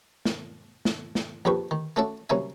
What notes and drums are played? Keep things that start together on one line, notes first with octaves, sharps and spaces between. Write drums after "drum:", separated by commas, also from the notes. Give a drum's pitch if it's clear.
drum: snare
drum: snare
drum: snare
A#1 F2 G4 B4 C#6
D#3
A3 C#4 F#4 A4 D5 E5
C2 F#3 A#3 C#4 E5 G#5